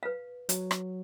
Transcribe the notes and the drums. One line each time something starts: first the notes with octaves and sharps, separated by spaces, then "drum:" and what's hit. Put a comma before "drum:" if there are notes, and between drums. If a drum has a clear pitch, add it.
B4 F5
F#3, drum: hi-hat
drum: rim click